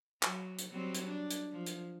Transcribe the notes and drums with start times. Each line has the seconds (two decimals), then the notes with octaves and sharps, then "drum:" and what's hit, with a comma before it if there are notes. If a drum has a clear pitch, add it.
0.23 F#3, drum: clap
0.59 drum: hi-hat
0.69 F#3 G3 C4
0.95 drum: hi-hat
1.08 D4
1.31 drum: hi-hat
1.52 F3
1.66 drum: hi-hat